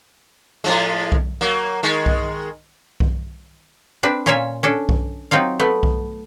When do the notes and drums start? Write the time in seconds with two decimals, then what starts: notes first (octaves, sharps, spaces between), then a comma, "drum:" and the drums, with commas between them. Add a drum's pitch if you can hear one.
0.64 A2 F3 G#3
1.12 drum: kick B1
1.41 F#3 A#3
1.83 D#3 G#3
2.06 drum: kick B1
3.00 drum: kick B1
4.03 C4 D4 B4
4.26 A#2 C#4 F4 A#4 C#5 E5
4.63 C#4 D4 A4
4.89 drum: kick B1
5.31 F#3 C4 D#4 F4 F5
5.59 A3 B3
5.83 drum: kick B1